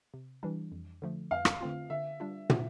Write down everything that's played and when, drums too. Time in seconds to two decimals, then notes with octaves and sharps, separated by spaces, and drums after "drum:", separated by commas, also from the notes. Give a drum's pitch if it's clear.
0.14 C3
0.43 E3 G3 D4
0.72 F2
1.02 D3 F3 A3
1.31 F2 F5
1.45 drum: rim click
1.61 D3 A3 C4 F4
1.90 D3 E5
2.20 G3 D4 F4
2.50 C3, drum: tom